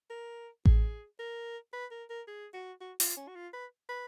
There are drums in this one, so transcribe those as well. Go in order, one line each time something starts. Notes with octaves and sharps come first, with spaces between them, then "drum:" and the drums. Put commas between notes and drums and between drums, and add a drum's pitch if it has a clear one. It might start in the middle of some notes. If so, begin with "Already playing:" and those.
A#4
G#4, drum: kick A1
A#4
B4
A#4
A#4
G#4
F#4
F#4
F4, drum: open hi-hat
C#4
F#4
F4
B4
B4